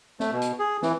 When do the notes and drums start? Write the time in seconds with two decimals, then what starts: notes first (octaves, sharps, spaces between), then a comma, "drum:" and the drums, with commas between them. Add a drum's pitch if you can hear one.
0.20 A3, drum: snare
0.32 B2
0.42 drum: hi-hat
0.59 G#4
0.83 E3, drum: snare